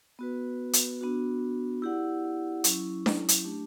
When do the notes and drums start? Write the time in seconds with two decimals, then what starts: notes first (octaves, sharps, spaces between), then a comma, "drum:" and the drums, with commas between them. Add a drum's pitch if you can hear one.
0.19 B3 F#4 B4
0.73 drum: hi-hat
1.01 B3 D4 F#4
1.82 E4 G4 D5 F#5
2.64 F#3 C#4 E4, drum: hi-hat
3.06 drum: snare D4
3.29 drum: hi-hat
3.45 A3 D4 G4